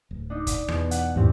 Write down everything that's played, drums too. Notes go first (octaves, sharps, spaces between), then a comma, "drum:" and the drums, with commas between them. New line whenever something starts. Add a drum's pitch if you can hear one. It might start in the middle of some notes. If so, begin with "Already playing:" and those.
D1
D4 D#4
drum: kick, hi-hat
E2 B2, drum: rim click
F#5, drum: hi-hat
E2 G#2 E3 C4 C#4 G4